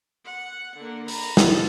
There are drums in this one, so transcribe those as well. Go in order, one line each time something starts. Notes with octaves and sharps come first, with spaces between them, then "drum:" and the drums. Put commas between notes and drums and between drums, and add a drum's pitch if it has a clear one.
F#5
D3 A#3
A#5 B5, drum: open hi-hat
G4 A5, drum: snare